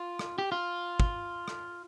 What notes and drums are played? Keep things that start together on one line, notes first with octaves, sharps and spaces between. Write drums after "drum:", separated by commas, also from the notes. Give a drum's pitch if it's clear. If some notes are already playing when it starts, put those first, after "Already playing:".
Already playing: F4
drum: rim click
G4
F4
drum: kick
drum: rim click